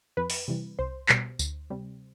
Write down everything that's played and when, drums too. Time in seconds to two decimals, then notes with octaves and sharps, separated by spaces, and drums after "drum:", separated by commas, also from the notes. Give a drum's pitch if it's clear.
0.17 F2 B4
0.30 drum: open hi-hat
0.48 C3 E3 G3
0.79 C2 C5
1.09 B2 G3, drum: clap
1.39 D2, drum: tambourine
1.70 C3 G3